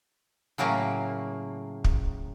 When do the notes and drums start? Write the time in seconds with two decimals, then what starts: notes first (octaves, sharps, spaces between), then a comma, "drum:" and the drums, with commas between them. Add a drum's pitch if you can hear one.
0.58 A2 C#3 F#3 A#3
1.84 drum: kick